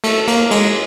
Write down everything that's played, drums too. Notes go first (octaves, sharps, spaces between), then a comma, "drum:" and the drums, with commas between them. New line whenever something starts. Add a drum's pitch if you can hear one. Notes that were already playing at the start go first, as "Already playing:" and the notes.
A3, drum: cymbal
A#3, drum: cymbal
G#3, drum: cymbal